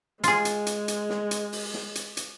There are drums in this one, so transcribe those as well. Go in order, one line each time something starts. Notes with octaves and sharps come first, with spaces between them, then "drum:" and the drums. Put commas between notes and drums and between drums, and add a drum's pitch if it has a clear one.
G#3 F4 G#4, drum: hi-hat
drum: hi-hat
drum: hi-hat
drum: hi-hat
drum: snare
drum: hi-hat
drum: open hi-hat
drum: snare
drum: hi-hat
drum: hi-hat